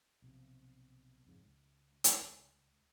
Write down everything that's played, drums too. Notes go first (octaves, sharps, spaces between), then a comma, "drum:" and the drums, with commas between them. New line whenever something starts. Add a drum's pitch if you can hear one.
B1 C3 F3
F2 G#2 C#3
C#2
drum: hi-hat